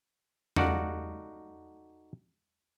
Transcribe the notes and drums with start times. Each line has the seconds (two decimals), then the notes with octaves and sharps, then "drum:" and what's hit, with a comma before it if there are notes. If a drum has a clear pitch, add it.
0.56 D#4 F#4 A4 D5 F5 F#5, drum: tom E2